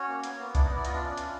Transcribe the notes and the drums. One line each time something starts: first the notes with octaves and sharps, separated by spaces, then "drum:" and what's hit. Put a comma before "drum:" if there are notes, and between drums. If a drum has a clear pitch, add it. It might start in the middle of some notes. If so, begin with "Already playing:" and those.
Already playing: C#4 F#4 C#5
A#3
B3, drum: hi-hat
B3
D4 E4 D5, drum: kick C2, hi-hat
D#4 D#5
B3
D5
F4 D#5, drum: hi-hat
D4 D5
C#4
F4, drum: hi-hat